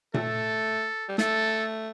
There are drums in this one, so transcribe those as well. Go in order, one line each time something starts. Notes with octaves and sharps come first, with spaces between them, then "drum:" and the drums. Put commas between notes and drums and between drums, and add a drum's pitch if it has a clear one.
A3 A4, drum: tom A#2
G3
A3 A4, drum: snare